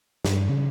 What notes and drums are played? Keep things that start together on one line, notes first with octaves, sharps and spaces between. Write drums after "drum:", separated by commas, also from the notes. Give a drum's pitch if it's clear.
G2, drum: snare
C#3